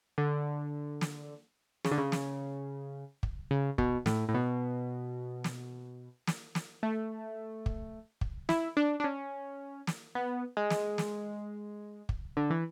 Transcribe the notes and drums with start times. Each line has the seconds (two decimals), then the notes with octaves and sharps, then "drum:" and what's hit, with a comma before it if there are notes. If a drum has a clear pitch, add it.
0.18 D3
1.01 drum: snare
1.85 C#3, drum: snare
1.91 D3
1.98 C#3
2.12 drum: snare
3.23 drum: kick
3.51 C#3
3.78 B2, drum: kick
4.06 A2, drum: snare
4.29 A2
4.34 B2
5.44 drum: snare
6.27 drum: snare
6.55 drum: snare
6.83 A3
7.66 drum: kick
8.21 drum: kick
8.49 E4, drum: snare
8.77 D4
9.00 D4
9.04 C#4
9.87 drum: snare
10.15 B3
10.57 G#3
10.70 drum: snare
10.98 drum: snare
12.09 drum: kick
12.37 D3
12.50 E3